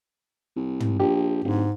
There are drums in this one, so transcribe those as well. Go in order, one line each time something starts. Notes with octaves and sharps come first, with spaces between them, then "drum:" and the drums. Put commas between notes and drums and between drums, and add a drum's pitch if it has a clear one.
C2
drum: tom
A#1 G4
D1 G#2